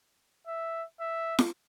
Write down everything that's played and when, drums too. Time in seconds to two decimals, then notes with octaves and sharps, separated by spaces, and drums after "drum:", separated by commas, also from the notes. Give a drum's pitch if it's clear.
0.47 E5
1.00 E5
1.39 drum: snare